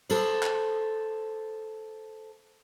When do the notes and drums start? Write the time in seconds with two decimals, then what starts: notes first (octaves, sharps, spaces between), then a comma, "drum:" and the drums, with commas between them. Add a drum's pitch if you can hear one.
0.09 A4 C5, drum: cymbal
0.43 drum: clap